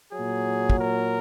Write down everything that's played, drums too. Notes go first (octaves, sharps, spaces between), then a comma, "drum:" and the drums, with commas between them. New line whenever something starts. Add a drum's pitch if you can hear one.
A#2 F#3 G#4
drum: kick
A#4